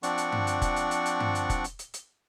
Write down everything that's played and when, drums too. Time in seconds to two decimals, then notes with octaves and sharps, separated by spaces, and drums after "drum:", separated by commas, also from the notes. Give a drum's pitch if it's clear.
0.03 F3 C4 D4 D5 F#5 C#6, drum: hi-hat
0.18 drum: hi-hat
0.32 drum: tom G2
0.47 drum: hi-hat
0.62 drum: kick, hi-hat
0.76 drum: hi-hat
0.91 drum: hi-hat
1.06 drum: hi-hat
1.20 drum: tom G2
1.35 drum: hi-hat
1.50 drum: kick, hi-hat
1.64 drum: hi-hat
1.79 drum: hi-hat
1.94 drum: hi-hat